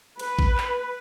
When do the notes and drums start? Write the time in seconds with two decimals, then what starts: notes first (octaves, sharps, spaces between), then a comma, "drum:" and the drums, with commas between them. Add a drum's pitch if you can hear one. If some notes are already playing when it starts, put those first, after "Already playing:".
0.19 B4, drum: cymbal
0.39 drum: kick A1
0.58 drum: clap